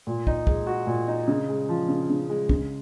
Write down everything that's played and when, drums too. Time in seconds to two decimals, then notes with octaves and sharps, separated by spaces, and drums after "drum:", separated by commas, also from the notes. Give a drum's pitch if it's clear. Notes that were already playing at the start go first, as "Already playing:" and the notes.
0.07 A#2
0.27 D#4, drum: kick
0.47 G#3, drum: kick
0.67 F#4
0.87 A#2
1.08 D#4
1.28 C#3
1.49 G#3
1.69 F3
1.88 C#3
2.10 C#3
2.29 G#3
2.49 C#3, drum: kick